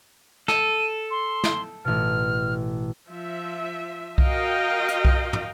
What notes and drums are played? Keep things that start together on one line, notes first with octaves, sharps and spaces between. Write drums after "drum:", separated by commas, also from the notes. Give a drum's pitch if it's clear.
A4 D#7, drum: snare
C6
drum: snare
A1 B2 F6
F3 E5
F#4 A#4 D#5 F5 G5, drum: kick B1
drum: hi-hat
drum: kick B1
drum: tom